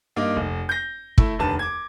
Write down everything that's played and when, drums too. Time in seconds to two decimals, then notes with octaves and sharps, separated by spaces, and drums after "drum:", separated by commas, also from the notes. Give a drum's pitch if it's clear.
0.16 G2 A#3 D#4 D6
0.36 F1
0.69 G6 A#6
1.18 A3 E4, drum: kick
1.39 F1 D#2 D3 B4 A5
1.59 D6 G#6